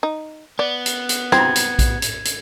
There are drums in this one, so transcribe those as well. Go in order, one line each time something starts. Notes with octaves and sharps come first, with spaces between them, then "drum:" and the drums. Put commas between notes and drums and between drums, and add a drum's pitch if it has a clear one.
D#4
B3 D5
drum: hi-hat
drum: hi-hat
C4 G#6, drum: rim click
drum: hi-hat
drum: kick A#1, hi-hat
drum: hi-hat
drum: hi-hat